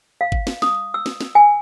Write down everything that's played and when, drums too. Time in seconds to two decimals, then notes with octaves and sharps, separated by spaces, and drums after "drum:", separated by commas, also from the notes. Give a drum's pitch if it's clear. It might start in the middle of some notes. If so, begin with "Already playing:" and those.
0.21 F5
0.32 drum: kick
0.47 drum: snare
0.62 D#6, drum: snare
0.94 E6
1.06 drum: snare
1.21 drum: snare
1.35 G#5